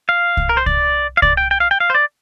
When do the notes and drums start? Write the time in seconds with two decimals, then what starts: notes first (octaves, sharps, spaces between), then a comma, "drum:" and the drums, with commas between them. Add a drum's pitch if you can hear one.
0.09 F5
0.37 drum: kick C2
0.49 A#4
0.57 C5
0.66 D5, drum: kick C2
1.17 F5
1.22 D5, drum: kick C2
1.37 G5
1.51 G5
1.60 F5
1.71 G5
1.80 F5
1.90 C5
1.95 D5